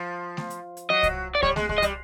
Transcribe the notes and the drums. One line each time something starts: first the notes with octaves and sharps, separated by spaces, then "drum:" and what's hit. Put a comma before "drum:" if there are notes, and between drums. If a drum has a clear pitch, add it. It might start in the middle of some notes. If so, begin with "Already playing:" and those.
Already playing: F3
drum: snare A3
drum: hi-hat
drum: hi-hat
F#3 D#5
drum: kick C2, hi-hat
D5
G3 C#5, drum: kick C2
G#3, drum: snare A3
G#3, drum: kick C2
D#5
G3, drum: hi-hat